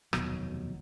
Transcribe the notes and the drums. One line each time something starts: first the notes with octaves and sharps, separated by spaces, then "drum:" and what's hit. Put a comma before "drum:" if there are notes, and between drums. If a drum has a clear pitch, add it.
F1 D#2 B2 F#3, drum: rim click